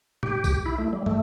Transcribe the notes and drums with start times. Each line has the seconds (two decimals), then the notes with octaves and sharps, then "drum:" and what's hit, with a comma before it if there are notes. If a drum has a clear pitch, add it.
0.23 G4, drum: tom A2
0.44 drum: kick B1, tambourine
0.66 E4
0.78 A3
0.93 G3
1.06 A3, drum: tom